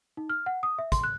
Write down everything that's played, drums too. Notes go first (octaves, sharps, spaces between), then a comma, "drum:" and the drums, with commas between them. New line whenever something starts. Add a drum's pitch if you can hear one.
D#4
F6
F#5
D#6
E5
C6, drum: kick, hi-hat
F#6